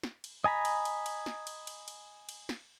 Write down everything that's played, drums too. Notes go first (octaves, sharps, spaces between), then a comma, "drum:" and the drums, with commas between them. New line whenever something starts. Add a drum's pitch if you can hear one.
drum: snare
drum: cymbal
D#5 G#5 A#5 B5
drum: cymbal
drum: cymbal
drum: cymbal
drum: snare
drum: cymbal
drum: cymbal
drum: cymbal
drum: cymbal
drum: snare